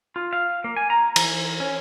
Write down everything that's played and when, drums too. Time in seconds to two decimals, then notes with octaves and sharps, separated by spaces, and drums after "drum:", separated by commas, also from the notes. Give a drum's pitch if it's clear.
0.16 F4
0.33 F5
0.64 A#3
0.76 G#5
0.90 A#5
1.16 E3, drum: cymbal
1.60 C#4